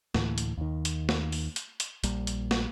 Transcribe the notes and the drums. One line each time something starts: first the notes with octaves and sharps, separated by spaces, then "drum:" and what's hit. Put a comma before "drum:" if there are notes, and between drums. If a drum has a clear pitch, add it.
D2 A2 E3, drum: snare
drum: hi-hat
D#2 D#3
drum: hi-hat
drum: snare
drum: open hi-hat
drum: hi-hat
drum: hi-hat
A#1 A#2 G3, drum: hi-hat
drum: hi-hat
drum: snare